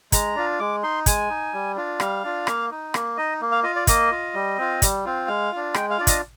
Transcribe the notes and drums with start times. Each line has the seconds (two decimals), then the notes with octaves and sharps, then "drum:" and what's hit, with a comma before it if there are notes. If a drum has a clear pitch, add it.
0.12 G#3 A#5, drum: kick, hi-hat
0.36 D4 F4
0.60 G#3 D6
0.83 D#4 C6
1.06 G#3 G#5, drum: kick, hi-hat
1.30 D#4
1.54 G3
1.76 D4 F4
2.00 G3 F5, drum: rim click
2.24 D4 F4
2.47 A#3, drum: rim click
2.71 D#4
2.94 A#3, drum: rim click
3.17 D#4 D#5
3.41 A#3
3.52 F5
3.63 F4 D#5
3.76 D5
3.87 A#3 D#5, drum: kick, hi-hat
4.12 F4
4.34 G3
4.58 C4 F4
4.82 G3, drum: kick, hi-hat
5.05 C4 F4
5.28 G#3 F5
5.52 D4 F4
5.74 G#3 G5, drum: rim click
5.90 F5
5.98 D4 F4 D5
6.07 D#5, drum: kick, hi-hat